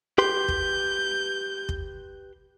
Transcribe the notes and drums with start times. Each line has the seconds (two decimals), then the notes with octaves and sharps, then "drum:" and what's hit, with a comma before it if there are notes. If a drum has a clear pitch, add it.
0.18 G4 B4 C6 G6
0.48 drum: kick
1.69 drum: kick